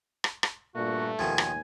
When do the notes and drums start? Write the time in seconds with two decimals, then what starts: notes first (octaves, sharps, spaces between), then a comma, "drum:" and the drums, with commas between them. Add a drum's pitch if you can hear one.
0.24 drum: rim click
0.43 drum: rim click
0.76 G2 A#2 A3 F#4
1.19 D#2 B2 D#3 F3 G#5
1.38 drum: rim click